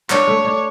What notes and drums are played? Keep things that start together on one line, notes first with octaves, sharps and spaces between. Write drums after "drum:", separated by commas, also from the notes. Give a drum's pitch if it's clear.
D4 C#5, drum: clap
A3
D4